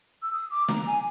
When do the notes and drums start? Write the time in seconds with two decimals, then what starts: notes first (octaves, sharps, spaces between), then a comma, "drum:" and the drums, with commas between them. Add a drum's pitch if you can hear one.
0.22 E6
0.33 D#6
0.50 D6
0.68 A#5, drum: snare
0.87 G#5